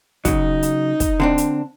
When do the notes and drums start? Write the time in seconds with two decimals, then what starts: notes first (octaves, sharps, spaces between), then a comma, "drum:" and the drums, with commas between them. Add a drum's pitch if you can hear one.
0.25 C#3 F#3 D#4, drum: kick, hi-hat
0.63 drum: hi-hat
1.00 drum: kick, hi-hat
1.20 D3 C4 D4
1.38 drum: hi-hat